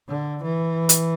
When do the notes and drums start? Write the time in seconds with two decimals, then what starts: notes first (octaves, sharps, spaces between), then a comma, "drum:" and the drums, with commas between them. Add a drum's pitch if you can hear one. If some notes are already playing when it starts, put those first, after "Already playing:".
0.08 D3
0.44 E3
0.89 drum: hi-hat